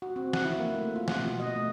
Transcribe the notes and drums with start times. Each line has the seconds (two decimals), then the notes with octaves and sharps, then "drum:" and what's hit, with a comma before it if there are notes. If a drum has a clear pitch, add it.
0.02 F#4
0.16 C4
0.33 F#5, drum: snare
0.45 E4
0.59 A#3
0.75 A3
0.96 F4
1.08 F#5, drum: snare
1.20 B2
1.40 D#5
1.55 A3